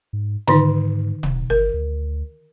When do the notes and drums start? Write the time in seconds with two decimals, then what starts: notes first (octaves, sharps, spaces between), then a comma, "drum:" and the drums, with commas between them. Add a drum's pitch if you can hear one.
0.13 G#2
0.48 G#2 D3 D#3 D#4, drum: snare
1.23 D1, drum: tom
1.50 G1 A#4
1.74 D2